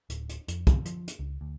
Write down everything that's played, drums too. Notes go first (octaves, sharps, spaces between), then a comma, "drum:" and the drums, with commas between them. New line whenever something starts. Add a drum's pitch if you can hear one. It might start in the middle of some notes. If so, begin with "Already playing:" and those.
D1, drum: hi-hat
drum: hi-hat
F2, drum: hi-hat
C3, drum: kick, hi-hat
F3, drum: hi-hat
drum: hi-hat
C#2
D2